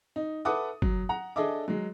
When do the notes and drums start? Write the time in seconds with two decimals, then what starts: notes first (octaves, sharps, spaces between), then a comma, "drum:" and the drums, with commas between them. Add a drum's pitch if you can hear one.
0.16 D#4
0.45 A4 B4 E5 F#5 D6 D#6
0.82 F#3, drum: kick
1.09 F#5 A#5
1.36 D4 G#4 A4 D#5 E5 D6
1.68 F#3 G#3